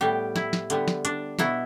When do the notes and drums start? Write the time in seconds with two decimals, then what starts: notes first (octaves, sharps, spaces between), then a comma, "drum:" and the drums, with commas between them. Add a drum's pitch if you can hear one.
0.01 A2 G3 B3 G4
0.36 E4, drum: snare
0.53 drum: snare
0.70 D3 G3 B3, drum: hi-hat
0.88 drum: snare
1.05 D4, drum: hi-hat
1.39 B2 B3 E4, drum: snare